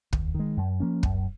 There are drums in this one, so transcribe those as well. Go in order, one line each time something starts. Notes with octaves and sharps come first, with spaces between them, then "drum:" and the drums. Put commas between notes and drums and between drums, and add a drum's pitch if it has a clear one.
D#2, drum: kick
D#3 G#3
F#2
F3 A#3 C#4
F#2, drum: kick